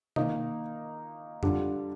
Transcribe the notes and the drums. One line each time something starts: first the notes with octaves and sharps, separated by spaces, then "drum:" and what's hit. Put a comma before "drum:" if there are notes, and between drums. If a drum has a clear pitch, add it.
D#3 A#3 D#4, drum: tom B2
D3 G3 D4 F4, drum: tom F2